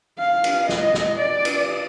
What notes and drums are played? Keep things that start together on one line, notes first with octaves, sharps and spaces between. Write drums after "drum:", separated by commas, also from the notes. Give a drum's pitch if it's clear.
F5
drum: cymbal
D#5, drum: snare
drum: snare
D5
drum: cymbal